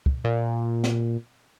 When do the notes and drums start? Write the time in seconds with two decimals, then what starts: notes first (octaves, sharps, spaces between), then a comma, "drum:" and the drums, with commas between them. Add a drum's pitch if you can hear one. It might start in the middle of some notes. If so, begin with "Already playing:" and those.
0.06 drum: kick
0.24 A#2
0.84 drum: snare